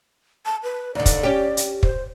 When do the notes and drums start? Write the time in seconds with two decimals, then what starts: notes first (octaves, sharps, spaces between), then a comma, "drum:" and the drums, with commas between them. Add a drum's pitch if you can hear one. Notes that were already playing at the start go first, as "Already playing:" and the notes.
0.45 A5
0.63 B4
0.95 D#2 D3 D5
1.06 drum: kick, hi-hat
1.23 C#4 G4
1.57 drum: hi-hat
1.83 C5, drum: kick